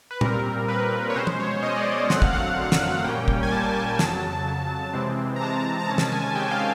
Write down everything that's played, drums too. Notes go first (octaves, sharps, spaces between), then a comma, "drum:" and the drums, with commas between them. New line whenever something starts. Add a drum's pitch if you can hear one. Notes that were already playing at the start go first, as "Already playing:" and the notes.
B4
A#2 G3 C4 A#4, drum: tom
A#2 G3 C4 B4
C#5
B2 G#3 C#4 C5
drum: tom
C#5
B2 G#3 C#4 D#5
D5
D#5
F#2 D3 F#3 A3 C4 F#5, drum: snare
F5, drum: kick
F#5
F#2 D3 F#3 A3 C4
drum: snare
A#2 G3 A#3 C#4 G5
drum: kick
G#5
A#2 G3 A#3 C#4 A5
A5
F2 C#3 F#3, drum: snare
F2 C#3 F#3
C3 E3 G#3 C4
A#5
C3 E3 G#3 C4 A5
A#5
C3 D#3 G#3 C#4 A5
drum: snare
G#5
C3 D#3 G#3 C#4 G5
F5